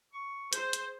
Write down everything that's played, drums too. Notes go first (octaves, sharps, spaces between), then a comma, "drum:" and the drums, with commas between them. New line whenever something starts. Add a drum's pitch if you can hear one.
C#6
G#4 C5, drum: hi-hat
drum: hi-hat